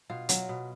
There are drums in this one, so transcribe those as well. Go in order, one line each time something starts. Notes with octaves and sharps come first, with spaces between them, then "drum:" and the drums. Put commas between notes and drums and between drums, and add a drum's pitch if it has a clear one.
B2 F4
F#3, drum: hi-hat
B2